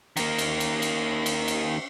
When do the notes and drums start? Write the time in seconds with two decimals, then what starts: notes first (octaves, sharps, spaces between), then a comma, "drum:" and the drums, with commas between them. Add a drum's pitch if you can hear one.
0.17 D#3 A#3, drum: cymbal
0.38 drum: cymbal
0.60 drum: cymbal
0.82 drum: cymbal
1.26 drum: cymbal
1.48 drum: cymbal